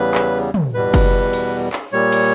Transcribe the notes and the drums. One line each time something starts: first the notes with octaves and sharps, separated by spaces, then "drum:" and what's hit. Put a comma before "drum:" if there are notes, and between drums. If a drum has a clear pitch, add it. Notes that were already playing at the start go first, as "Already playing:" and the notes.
Already playing: E2 C#3 G3 B4
drum: clap
drum: tom
E2 B2 G3 B4
drum: kick F#1, cymbal
drum: cymbal
drum: clap
A#2 G3 C#5
drum: cymbal